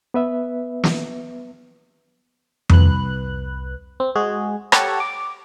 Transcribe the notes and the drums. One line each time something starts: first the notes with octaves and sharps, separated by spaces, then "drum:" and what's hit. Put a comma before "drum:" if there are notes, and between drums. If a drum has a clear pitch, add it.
B3 B4 E5
drum: snare
C2 B4 F#6, drum: tom F2
C4
G#3 F#4 G#4
G4 A4 C#5 F#5 A5, drum: rim click
D6